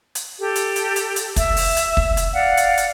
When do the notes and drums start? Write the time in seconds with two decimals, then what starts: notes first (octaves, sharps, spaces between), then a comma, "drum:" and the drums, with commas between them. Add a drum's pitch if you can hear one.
0.15 drum: hi-hat
0.40 G4 A4
0.56 drum: hi-hat
0.76 drum: hi-hat
0.96 drum: hi-hat
1.16 drum: hi-hat
1.36 E5, drum: kick, hi-hat
1.57 drum: open hi-hat
1.77 drum: hi-hat
1.97 drum: kick
2.17 drum: hi-hat
2.34 D5 F5 F#5
2.57 drum: hi-hat
2.78 drum: hi-hat